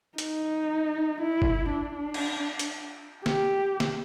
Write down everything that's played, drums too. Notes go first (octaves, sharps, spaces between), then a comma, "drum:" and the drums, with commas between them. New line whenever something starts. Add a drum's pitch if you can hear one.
D#4, drum: hi-hat
E4
drum: kick
D4
drum: cymbal
drum: hi-hat
G4, drum: snare
drum: snare